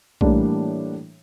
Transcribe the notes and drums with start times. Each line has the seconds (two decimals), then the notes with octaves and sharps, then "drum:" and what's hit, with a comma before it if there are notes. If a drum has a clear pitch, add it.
0.21 A2 E3 G3 A#3 D4, drum: kick A#1